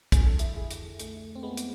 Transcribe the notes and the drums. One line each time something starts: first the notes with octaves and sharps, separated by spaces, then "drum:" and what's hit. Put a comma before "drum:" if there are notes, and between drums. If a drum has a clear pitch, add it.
F2 D3 F3 G#4, drum: kick, hi-hat
A4
E4 G#4, drum: hi-hat
E4 G#4
drum: hi-hat
A3, drum: hi-hat
C4
G#3 B3
drum: hi-hat